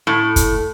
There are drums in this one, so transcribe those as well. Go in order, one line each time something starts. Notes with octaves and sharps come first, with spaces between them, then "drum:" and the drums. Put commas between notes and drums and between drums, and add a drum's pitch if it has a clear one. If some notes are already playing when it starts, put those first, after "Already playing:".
A2
drum: kick, hi-hat